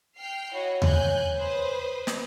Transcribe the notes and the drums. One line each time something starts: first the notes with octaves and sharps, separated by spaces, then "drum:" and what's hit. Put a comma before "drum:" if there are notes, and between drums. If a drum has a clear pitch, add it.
G5 F6 C7
E4 F#4 C#5 D#5
G#5 F#6 G6, drum: tom D#2
B4 C5 D#6
drum: snare